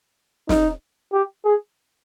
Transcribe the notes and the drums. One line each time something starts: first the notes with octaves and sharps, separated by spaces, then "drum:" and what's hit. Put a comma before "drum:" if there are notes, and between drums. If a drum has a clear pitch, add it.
D#4, drum: snare
G4
G#4